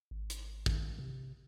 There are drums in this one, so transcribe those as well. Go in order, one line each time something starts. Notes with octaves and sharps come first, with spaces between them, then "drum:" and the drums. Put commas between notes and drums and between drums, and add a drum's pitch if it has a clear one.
G#1
drum: hi-hat
D#3, drum: kick
C3